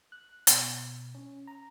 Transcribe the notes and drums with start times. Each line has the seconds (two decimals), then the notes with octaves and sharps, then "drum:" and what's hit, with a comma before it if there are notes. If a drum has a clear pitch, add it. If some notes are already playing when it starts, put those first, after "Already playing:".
0.12 F#6
0.47 B2, drum: hi-hat
1.15 C#4
1.47 A#5